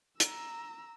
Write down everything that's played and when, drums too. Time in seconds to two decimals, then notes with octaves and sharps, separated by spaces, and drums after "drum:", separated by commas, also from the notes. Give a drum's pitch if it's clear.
0.20 A#5 E6, drum: hi-hat